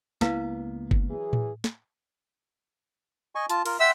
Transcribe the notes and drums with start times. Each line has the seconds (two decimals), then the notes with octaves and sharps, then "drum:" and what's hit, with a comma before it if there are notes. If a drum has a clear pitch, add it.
0.21 C#2 A#3 B3 E4 B4 F5, drum: snare
0.91 drum: kick G1
1.09 E3 F#3 G#4
1.33 drum: tom A2
1.64 drum: snare
3.35 D#5 G#5 C#6
3.50 F4 A5, drum: hi-hat
3.66 F4 A#4, drum: cymbal
3.80 E5 F#5 G5 C6 E6